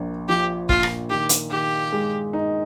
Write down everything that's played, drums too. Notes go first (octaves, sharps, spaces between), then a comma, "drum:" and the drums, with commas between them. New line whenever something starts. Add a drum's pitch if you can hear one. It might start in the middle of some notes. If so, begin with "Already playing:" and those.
Already playing: A#1 A#3
F3 G4
A#2 F4, drum: kick
drum: rim click
D#3 G4
drum: hi-hat
D#3 G4
G#3
D#4